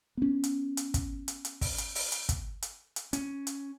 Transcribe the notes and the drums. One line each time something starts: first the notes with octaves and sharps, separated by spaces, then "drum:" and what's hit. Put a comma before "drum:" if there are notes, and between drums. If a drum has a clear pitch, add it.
B3 C#4
drum: hi-hat
drum: hi-hat
drum: kick, hi-hat
drum: hi-hat
drum: hi-hat
drum: kick, open hi-hat
drum: hi-hat
drum: open hi-hat
drum: hi-hat
drum: kick, hi-hat
drum: hi-hat
drum: hi-hat
C#4, drum: hi-hat
drum: hi-hat